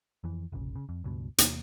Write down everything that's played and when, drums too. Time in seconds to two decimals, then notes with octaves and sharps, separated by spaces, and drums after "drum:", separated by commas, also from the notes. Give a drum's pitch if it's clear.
0.24 F2 E3
0.52 F1 A#1 C#3
0.76 C#3
0.89 F2
1.04 C#2 G2 B2
1.38 E2 C3 A#3, drum: hi-hat